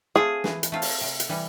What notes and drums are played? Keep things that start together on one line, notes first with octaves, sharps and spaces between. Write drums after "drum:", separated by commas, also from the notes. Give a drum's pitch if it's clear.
A3 C4 F4 G#4
E3, drum: snare
drum: hi-hat
A3 C4 F4
drum: open hi-hat
C3
drum: hi-hat
E3 G3